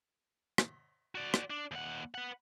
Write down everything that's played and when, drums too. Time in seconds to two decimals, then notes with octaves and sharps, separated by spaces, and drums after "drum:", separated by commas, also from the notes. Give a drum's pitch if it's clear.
0.58 drum: rim click
1.15 F#4 D5
1.34 drum: rim click
1.50 D4
1.71 D#2 F#5
2.15 B4 F#5